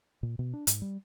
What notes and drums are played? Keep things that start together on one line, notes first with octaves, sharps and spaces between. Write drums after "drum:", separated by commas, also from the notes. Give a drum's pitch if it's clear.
A#2
B2
D4
G#2, drum: hi-hat
G3